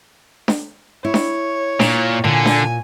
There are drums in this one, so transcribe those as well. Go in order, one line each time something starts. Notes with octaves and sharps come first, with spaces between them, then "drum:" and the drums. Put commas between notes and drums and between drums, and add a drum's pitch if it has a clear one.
drum: snare D4
E4 C#5
drum: snare D4
A#2, drum: snare D4
A#2 D3 G#5
drum: snare D4